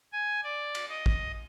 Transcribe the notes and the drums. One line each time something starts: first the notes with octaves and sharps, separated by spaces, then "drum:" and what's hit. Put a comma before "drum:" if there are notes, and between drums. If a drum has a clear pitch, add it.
G#5
D5
drum: cymbal
D#5
drum: kick